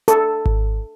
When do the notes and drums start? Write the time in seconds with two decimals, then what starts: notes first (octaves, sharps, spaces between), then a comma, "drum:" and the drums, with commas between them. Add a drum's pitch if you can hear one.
0.08 A4, drum: hi-hat
0.46 drum: kick G#1